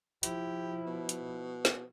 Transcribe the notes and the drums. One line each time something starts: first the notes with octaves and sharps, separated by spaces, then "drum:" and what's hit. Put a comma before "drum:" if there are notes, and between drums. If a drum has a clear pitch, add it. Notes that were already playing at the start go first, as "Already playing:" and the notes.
F3 E4 G4, drum: hi-hat
B2
drum: hi-hat
drum: snare